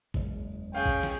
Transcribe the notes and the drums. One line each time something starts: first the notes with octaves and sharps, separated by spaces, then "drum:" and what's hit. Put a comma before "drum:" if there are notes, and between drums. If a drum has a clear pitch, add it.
F#1 E2 G#3, drum: kick
C#4 G#4 F5 G5
drum: kick
drum: snare